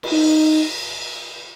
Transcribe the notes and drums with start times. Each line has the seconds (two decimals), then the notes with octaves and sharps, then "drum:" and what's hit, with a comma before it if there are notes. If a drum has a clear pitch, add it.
0.03 drum: cymbal
0.12 D#4